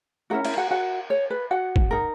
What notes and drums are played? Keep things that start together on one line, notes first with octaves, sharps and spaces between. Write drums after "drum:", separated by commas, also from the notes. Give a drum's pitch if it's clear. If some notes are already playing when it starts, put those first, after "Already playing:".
C#4 E4 F#4 A#4 F#5
E4 E5, drum: cymbal
F#4 F#5
F#4 F#5
C#5
B4
F#4 F#5
drum: kick G#1
D#4 A#4